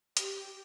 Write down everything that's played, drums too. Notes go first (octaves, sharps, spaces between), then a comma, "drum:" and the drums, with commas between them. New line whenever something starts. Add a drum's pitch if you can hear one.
G4, drum: hi-hat